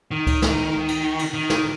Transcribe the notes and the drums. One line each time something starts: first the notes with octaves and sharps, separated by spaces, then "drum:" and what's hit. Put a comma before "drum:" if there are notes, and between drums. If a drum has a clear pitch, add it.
D#3
drum: kick C#2, cymbal
drum: snare
drum: cymbal
drum: cymbal
D#3
drum: snare